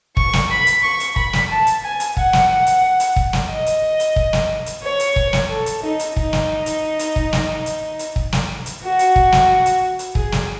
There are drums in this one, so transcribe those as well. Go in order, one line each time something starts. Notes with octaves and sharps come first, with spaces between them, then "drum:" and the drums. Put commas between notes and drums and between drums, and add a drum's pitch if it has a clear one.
C#6, drum: kick
drum: snare
B5
drum: hi-hat
C#6
drum: hi-hat
B5, drum: kick
drum: snare
A5
drum: hi-hat
G#5
drum: hi-hat
F#5, drum: kick
drum: snare
drum: hi-hat
drum: hi-hat
drum: kick
drum: snare
D#5
drum: hi-hat
drum: hi-hat
drum: kick
drum: snare
drum: hi-hat
C#5
drum: hi-hat
drum: kick
drum: snare
A4
drum: hi-hat
D#4
drum: hi-hat
D#4, drum: kick
drum: snare
drum: hi-hat
drum: hi-hat
drum: kick
drum: snare
drum: hi-hat
drum: hi-hat
drum: kick
drum: snare
drum: hi-hat
F#4
drum: hi-hat
drum: kick
drum: snare
drum: hi-hat
drum: hi-hat
G#4, drum: kick
drum: snare